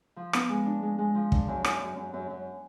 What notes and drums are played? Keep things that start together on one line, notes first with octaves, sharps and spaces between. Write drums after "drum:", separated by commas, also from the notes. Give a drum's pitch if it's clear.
F3
B3, drum: rim click
G#3
D4
G#3
G#3
F3
D4, drum: kick
F#2
F#2, drum: rim click
F#2
F#2
F#2
F#2